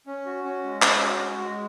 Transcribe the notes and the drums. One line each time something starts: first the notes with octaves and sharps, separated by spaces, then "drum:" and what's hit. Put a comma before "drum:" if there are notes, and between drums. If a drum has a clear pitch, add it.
C#4
F#4
C#4
G#3
C#4, drum: clap
F#4
G#3
G#3